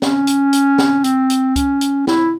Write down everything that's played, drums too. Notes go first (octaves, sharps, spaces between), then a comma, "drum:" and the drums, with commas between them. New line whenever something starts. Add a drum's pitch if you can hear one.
C#4, drum: snare
drum: hi-hat
drum: hi-hat
drum: snare
C4, drum: hi-hat
drum: hi-hat
C#4, drum: kick C#2, hi-hat
drum: hi-hat
E4, drum: snare